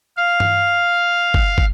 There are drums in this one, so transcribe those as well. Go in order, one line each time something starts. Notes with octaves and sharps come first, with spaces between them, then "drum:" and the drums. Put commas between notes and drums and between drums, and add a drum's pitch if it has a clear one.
F5
drum: tom G2
drum: kick
drum: kick